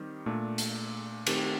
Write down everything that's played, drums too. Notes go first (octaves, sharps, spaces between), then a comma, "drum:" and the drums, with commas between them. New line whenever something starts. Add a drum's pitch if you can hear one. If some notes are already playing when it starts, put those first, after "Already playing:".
Already playing: D#3 G3 C4 D#4 G4
A#2 A3 D4
drum: hi-hat
D#3 A3 C4 G4, drum: cymbal